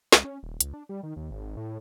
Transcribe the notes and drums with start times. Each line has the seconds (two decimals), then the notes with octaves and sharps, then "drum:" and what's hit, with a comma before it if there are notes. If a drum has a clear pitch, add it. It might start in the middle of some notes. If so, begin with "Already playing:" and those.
0.12 C#2, drum: snare
0.24 C#4
0.43 D#1
0.61 C#2, drum: hi-hat
0.73 D4
0.89 G3
1.03 D#3
1.16 D#2
1.31 G#1
1.57 A2